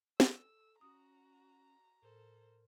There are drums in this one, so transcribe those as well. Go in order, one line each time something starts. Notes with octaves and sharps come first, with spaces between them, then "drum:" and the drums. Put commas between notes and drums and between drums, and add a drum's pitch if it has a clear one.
A4 E6, drum: snare
C#4 F#4 A#5 D#6
A2 A4 A#4 C5